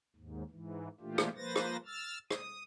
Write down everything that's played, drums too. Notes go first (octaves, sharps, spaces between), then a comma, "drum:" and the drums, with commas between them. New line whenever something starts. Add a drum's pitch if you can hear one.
D#2 G#2
G#2 E3
A#2 E3 A3 D4 F4 G4
drum: rim click
F3 A#3 B4 C5 A6 A#6
drum: rim click
E6 F6 A6
D#6, drum: rim click